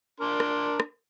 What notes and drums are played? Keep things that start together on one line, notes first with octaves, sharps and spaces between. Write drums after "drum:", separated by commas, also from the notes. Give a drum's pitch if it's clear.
D4 A#4 C6
drum: rim click
drum: rim click